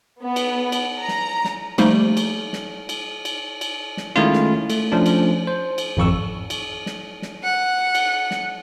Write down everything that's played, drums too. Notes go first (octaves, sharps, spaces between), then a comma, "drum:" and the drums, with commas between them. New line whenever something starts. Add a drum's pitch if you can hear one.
B3
drum: cymbal
drum: cymbal
A#5
drum: snare
drum: snare
F3 G3 A3 A#3 D#4 G4, drum: cymbal
drum: cymbal
drum: snare
drum: cymbal
drum: cymbal
drum: cymbal
drum: snare
D#3 G#3 A3 C#4 E4 F4
drum: snare
A3, drum: cymbal
F3 A3 C#4 D4
drum: cymbal
C5
drum: cymbal
G#1 F2 C#6 E6
drum: cymbal
drum: snare
drum: snare
F#5
drum: cymbal
drum: snare